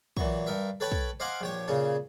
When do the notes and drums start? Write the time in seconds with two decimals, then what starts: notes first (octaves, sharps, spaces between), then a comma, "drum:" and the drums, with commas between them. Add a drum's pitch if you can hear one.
0.17 A#2 E3 F#3 C#6, drum: kick
0.47 G2 A#4 E5
0.80 A4 B4 C#5 G5 A5 B5
0.92 drum: kick
1.20 C5 D#5 F5 F#5 G#5 D6
1.41 A#1 G4 C#5
1.68 A#2 C#3 C#4